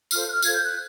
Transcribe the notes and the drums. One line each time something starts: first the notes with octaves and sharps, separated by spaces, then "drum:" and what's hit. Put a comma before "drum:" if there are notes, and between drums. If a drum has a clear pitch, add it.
F4 A4 C5 F6, drum: tambourine
F#6
F6
F4 A4 C5 G#6, drum: tambourine
G6
F#6